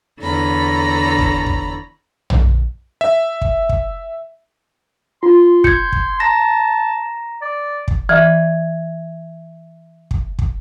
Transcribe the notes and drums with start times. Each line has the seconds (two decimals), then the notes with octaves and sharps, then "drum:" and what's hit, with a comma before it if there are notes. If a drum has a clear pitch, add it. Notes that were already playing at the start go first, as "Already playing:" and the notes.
0.19 E2 D3 A4 C#5 A#5 B5
1.18 drum: kick
1.46 drum: kick
2.30 drum: tom A#1
3.01 E5
3.42 drum: kick
3.69 drum: kick
5.23 F4 C6
5.64 G6 G#6 C#7, drum: kick
5.92 drum: kick
6.20 A5 A#5 A#6
7.42 D5
7.88 drum: kick
8.09 E3 E5 G#6
10.11 drum: kick
10.39 drum: kick